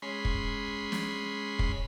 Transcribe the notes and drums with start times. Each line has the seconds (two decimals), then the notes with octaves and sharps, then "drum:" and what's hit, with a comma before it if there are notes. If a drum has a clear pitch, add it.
0.02 G#3 C#4 B5 C6
0.25 drum: kick
0.92 drum: snare
1.59 drum: kick